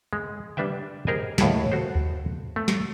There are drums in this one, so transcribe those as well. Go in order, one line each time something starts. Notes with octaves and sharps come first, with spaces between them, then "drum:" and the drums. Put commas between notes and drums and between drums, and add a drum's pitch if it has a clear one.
G#3
G3 D4 B4 E5 G5
G4 G#4 A#4 C5 D#5 G#5
D#2 A2 G#4 A5, drum: snare
F#4 A4 C5
drum: kick D2
A3
drum: snare